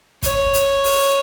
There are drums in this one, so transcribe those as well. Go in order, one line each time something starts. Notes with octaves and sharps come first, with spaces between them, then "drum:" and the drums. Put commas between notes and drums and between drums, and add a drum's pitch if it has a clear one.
C#5, drum: kick, hi-hat
drum: hi-hat
drum: open hi-hat